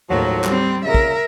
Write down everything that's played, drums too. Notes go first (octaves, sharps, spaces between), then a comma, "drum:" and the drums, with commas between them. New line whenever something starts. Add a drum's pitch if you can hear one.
D#2 A2 D#3 F3 F#3
G3 C4, drum: clap
A#2 C#3 A#4 E5
drum: kick